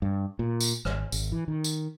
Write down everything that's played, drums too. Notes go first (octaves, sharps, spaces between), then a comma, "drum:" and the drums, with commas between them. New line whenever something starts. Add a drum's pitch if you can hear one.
G2
A#2
drum: tambourine
G#1, drum: rim click
G#1, drum: tambourine
E3
D#3
drum: tambourine